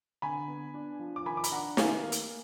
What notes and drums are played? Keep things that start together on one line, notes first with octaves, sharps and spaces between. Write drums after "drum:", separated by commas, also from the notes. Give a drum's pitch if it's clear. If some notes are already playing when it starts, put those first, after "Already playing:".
D3 G#5 B5
B3
D4
F3
D6
D#3 G#5 B5
D6
B5, drum: hi-hat
D4 F#5 A#5
D#3 F5 G#5, drum: snare
A#3
drum: hi-hat